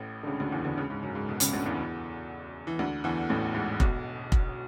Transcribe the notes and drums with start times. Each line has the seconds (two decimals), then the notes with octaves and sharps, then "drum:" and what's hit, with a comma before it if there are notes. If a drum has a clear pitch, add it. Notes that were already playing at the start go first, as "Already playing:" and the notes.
Already playing: A1 A2
0.23 D3
0.27 C#2 C#3
0.40 D2 D3
0.52 E2 E3
0.64 D2 D3
0.78 C#2 C#3
0.90 G#2
1.02 F#2
1.15 G#2
1.28 B1 B2
1.40 C#2 C#3, drum: hi-hat
1.53 D2 D3
1.65 E2 E3
2.67 E3
2.79 D2 D3
3.04 E2 E3
3.30 A1 A2
3.54 G#2
3.80 B1 B2, drum: kick F1
4.32 drum: kick F1